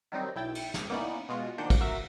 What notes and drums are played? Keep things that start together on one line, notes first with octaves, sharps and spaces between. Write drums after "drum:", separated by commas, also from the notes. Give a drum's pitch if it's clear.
D#3 F#3 G3 C4 D#4
B1 E4 G5 A6
drum: cymbal
drum: snare
A#3 B3 C#4 D#4 E4 D5
B2 G#3 F4 F#4
D#3 F3 A#3 D4 F#5 G6
drum: kick, cymbal
F#4 A#4 E5